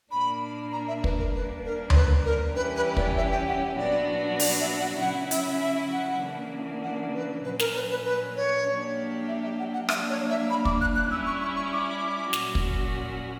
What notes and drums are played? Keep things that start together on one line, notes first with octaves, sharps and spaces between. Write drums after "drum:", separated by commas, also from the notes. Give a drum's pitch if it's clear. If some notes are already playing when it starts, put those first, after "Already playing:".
A#2 A#3 D4 B5
A#5
E5
B4, drum: kick
A#4
G3 A#3 D4 B4
A#4
C#5, drum: tom D2
B4
A#4
E3 G3 C#4 E4 G4 B4
B4
D5, drum: kick
E5
G5
F#5
A#2 F#3 B3 D4 F#4 D5
D5, drum: open hi-hat
E5
F#5
C#3 F#3 C#4 E4 F#5
E5, drum: hi-hat
E5
F#5
C#3 E3 A#3 D4
F#5
B4
A#2 F#3 C#4 B4
A#4, drum: snare
B4
B4
B4
C#5
F#3 A#3 D4 G4
E5
E5
F#5
F#5
F#3 A#3 D4 E5, drum: rim click
C#5
E5
B5
D6, drum: kick
F#6
F#6
G3 C#4 E4 E6
C#6
C#6
C#6
D6
A#2 F#3 C#4 F#4, drum: snare
drum: kick